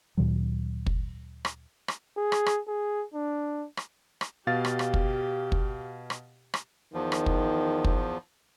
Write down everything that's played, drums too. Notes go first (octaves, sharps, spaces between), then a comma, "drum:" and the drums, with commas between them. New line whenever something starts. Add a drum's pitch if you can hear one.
D2 A#2 D#3 F#3
drum: kick
drum: rim click
drum: rim click
G#4
drum: rim click
drum: rim click
G#4
D4
drum: rim click
drum: rim click
B2 G4 F5 A6
drum: rim click
drum: rim click
drum: kick
drum: kick
drum: rim click
drum: rim click
E2 D#3 F3
drum: rim click
drum: kick
drum: kick